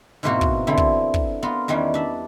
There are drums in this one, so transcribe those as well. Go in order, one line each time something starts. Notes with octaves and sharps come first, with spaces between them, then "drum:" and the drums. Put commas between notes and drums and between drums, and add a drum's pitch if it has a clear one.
G#2 B2 E3 A#3 C4 F#4
drum: kick
D3 E3 C4 E4
drum: kick
drum: kick
B3 F4 A#4
E2 D#3 E3 G3 C#4
D4 E5